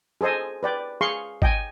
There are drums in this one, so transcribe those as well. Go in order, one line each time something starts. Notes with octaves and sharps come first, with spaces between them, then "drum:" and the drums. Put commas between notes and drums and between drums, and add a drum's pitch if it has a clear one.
G#4 A4 C5 D#5 G#5
B4 D5 G5
G#4 F5 C6 C#6
D#5 G5 G#5, drum: kick